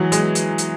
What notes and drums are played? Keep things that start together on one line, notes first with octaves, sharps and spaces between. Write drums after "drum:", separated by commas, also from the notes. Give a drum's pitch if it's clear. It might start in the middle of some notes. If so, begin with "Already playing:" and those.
Already playing: E3 F#3 G#3
G#3, drum: hi-hat
drum: hi-hat
drum: hi-hat